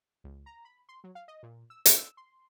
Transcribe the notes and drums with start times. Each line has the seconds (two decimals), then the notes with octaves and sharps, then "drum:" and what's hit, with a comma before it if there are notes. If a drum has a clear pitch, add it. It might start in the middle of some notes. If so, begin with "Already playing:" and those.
0.24 C#2
0.46 A#5
0.65 B5
0.89 C6
1.04 F#3
1.15 F5
1.28 D#5
1.43 A#2
1.70 E6
1.86 A#4, drum: hi-hat
1.98 E6
2.17 C6